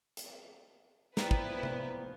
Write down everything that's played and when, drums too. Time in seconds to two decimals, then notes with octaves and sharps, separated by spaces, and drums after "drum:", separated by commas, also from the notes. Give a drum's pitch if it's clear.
0.17 drum: hi-hat
1.17 F3 B3 E4 B4 D5 G5 A#5, drum: snare
1.31 drum: kick
1.63 drum: tom C3